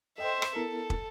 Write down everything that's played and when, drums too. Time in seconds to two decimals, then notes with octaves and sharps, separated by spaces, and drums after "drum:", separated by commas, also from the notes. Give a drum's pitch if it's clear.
0.18 A4 C5 D#5 E5 G5
0.42 drum: rim click
0.56 B3 E4 A4 A#4
0.90 drum: kick